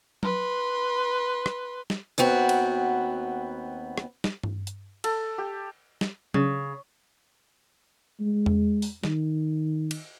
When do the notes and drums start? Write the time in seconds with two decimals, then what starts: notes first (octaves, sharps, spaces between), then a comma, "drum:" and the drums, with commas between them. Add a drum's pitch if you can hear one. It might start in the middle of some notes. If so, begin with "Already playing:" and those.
0.23 B4 C6, drum: tom F#3
1.46 drum: rim click
1.90 drum: snare
2.18 D#2 B3 C4 F#4
2.49 drum: cymbal
3.98 drum: rim click
4.24 drum: snare
4.44 drum: tom G2
4.67 drum: hi-hat
5.04 A4, drum: cymbal
5.38 G4
6.01 drum: snare
6.34 C#3, drum: tom F#3
8.20 G#3
8.46 drum: tom E2
8.82 drum: open hi-hat
9.04 D#3, drum: snare
9.91 drum: cymbal